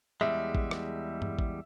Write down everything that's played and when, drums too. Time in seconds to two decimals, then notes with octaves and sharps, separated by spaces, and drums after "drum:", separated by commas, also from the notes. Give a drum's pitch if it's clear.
0.21 E2 G3 G#3 E5
0.55 drum: kick A1
0.71 drum: rim click
1.22 drum: tom G2
1.39 drum: kick A1